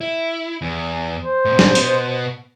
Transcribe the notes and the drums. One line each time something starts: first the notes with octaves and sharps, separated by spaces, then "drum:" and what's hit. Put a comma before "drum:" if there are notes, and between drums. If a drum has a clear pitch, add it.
E4
E2
C5
A2 C3
drum: snare
B2 B3, drum: hi-hat